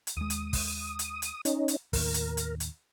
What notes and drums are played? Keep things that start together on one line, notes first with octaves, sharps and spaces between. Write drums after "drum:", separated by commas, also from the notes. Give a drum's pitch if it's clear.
drum: hi-hat
D#2 G#3 D#6
drum: hi-hat
drum: kick, open hi-hat
drum: hi-hat
drum: hi-hat
C#4 D#4, drum: hi-hat
drum: hi-hat
D#2 A2 D#3 A#4, drum: kick, open hi-hat
drum: hi-hat
drum: hi-hat
drum: hi-hat